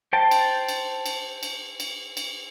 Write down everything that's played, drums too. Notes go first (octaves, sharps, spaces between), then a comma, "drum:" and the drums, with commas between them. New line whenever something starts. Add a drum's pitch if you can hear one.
C5 G5 A5
drum: cymbal
drum: cymbal
drum: cymbal
drum: cymbal
drum: cymbal
drum: cymbal